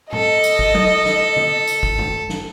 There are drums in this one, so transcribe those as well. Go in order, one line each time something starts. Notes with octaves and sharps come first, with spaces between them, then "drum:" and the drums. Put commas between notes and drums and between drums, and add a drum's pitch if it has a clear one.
A4 D#5, drum: tom A#2
drum: tambourine
drum: kick
drum: tom F#3
drum: snare
drum: tom C#3
drum: tambourine
drum: kick
drum: tom F#2
drum: snare